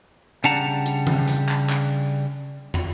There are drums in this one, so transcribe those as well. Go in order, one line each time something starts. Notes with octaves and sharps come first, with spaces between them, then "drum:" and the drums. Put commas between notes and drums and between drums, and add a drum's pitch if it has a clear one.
C#3 G3 D4 F#5 A5 A#5, drum: hi-hat
drum: hi-hat
drum: tom D#3
drum: hi-hat
drum: clap
drum: clap
drum: tom